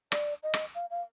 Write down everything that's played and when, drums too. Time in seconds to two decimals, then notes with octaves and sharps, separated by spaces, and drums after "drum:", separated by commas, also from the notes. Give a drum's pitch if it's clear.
0.12 D5, drum: rim click
0.43 D#5
0.54 drum: rim click
0.75 F5
0.90 F5